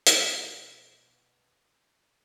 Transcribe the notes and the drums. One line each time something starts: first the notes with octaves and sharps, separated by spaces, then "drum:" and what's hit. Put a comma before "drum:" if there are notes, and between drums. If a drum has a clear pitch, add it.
B2 F3, drum: hi-hat